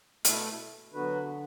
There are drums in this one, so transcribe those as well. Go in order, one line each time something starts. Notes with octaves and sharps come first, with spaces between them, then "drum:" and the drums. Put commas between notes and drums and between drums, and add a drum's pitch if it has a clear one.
B2 A3 E4 A4, drum: hi-hat
D3 F#3 B3 F#4 B4